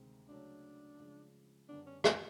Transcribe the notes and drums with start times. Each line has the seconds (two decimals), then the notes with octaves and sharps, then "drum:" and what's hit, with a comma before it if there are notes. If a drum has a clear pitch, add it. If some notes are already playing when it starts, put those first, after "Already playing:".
Already playing: D2 C3 D#3 G#3 C4
0.29 C#3 F#3 A3 D4
0.99 C#3 F3 G#3
1.69 F#2 D3 G3 B3 D4
1.86 C#4
2.04 C4, drum: rim click